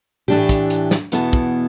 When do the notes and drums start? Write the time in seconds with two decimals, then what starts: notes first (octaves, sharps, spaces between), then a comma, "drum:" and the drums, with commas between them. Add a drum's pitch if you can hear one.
0.28 A2 E3 A3 D4 G4, drum: tom B2
0.49 drum: kick, hi-hat
0.70 drum: hi-hat
0.91 drum: snare
1.12 E2 B2 B3 E4 A4, drum: hi-hat
1.33 drum: kick